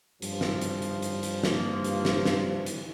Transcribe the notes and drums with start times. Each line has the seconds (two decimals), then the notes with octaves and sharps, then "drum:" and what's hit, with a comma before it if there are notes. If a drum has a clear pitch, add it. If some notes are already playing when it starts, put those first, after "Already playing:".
0.22 G2 F3, drum: hi-hat
0.41 drum: snare
0.61 drum: hi-hat
0.82 drum: hi-hat
1.02 drum: hi-hat
1.23 drum: hi-hat
1.43 A#3, drum: snare
1.84 drum: hi-hat
2.05 drum: snare
2.25 drum: snare
2.66 drum: hi-hat